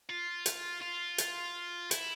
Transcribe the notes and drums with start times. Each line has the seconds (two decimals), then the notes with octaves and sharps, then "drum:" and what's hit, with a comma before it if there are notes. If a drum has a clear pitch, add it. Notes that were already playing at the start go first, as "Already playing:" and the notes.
0.09 F4
0.46 drum: hi-hat
0.82 F4
1.18 drum: hi-hat
1.91 E4, drum: hi-hat